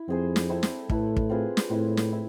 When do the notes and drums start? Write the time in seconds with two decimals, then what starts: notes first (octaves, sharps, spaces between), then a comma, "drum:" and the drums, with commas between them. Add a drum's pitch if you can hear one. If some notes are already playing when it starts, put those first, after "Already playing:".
Already playing: E4
0.08 F2 C4 G#4 C5
0.36 drum: snare
0.49 C4 E4 A4 E5
0.63 drum: snare
0.90 A2 A3 E4 B4, drum: kick
1.17 drum: kick
1.29 C4 F4 G#4 B4
1.57 drum: snare
1.70 A2 C4 E4 B4 E5
1.97 drum: snare
2.11 C4 E4